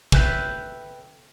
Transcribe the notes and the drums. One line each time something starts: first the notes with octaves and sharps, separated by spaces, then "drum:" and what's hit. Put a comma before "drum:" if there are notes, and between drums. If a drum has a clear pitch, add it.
A4 B4 E5 G5, drum: kick